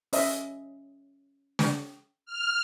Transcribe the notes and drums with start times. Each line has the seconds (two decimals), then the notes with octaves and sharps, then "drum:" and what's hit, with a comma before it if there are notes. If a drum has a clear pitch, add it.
0.13 C#4 D#5 E5, drum: open hi-hat
1.59 drum: snare
2.26 F6